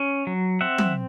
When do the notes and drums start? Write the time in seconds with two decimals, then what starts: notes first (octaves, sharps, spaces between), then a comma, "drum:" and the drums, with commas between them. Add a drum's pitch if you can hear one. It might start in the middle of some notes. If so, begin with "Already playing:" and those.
Already playing: C#4
0.27 F#3
0.61 C4 E5 F#5
0.78 drum: tom F#3